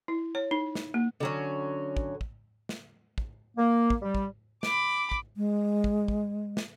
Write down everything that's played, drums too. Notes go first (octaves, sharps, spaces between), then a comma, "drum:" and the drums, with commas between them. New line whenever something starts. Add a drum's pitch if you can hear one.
E4
C#5
D#4
drum: snare
A#3
D3 F#3 C#4
drum: kick
drum: kick
drum: snare
drum: kick
A#3
drum: kick
G3
drum: kick
B5 D6, drum: snare
drum: kick
G#3
drum: kick
drum: kick
drum: snare